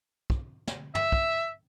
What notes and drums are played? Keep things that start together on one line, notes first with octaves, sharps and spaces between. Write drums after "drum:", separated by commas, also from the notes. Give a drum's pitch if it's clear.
drum: kick
drum: snare
E5, drum: tom
drum: kick